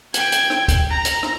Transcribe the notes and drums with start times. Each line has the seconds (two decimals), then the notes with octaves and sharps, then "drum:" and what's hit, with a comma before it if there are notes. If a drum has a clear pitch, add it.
0.14 G5 G#6, drum: hi-hat
0.32 drum: hi-hat
0.50 drum: rim click
0.68 drum: kick, hi-hat
0.90 A#5
1.05 drum: hi-hat
1.23 drum: rim click